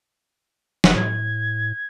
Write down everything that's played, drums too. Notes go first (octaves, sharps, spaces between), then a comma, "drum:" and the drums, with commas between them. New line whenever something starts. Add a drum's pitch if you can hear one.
F1 F#5, drum: snare
A2 G#6